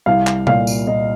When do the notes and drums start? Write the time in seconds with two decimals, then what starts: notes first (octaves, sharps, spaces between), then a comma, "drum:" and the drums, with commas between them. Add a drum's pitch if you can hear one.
0.06 C2 F5
0.27 drum: clap
0.47 A#2 F5, drum: tom C3
0.67 drum: tambourine
0.87 A#2 D#5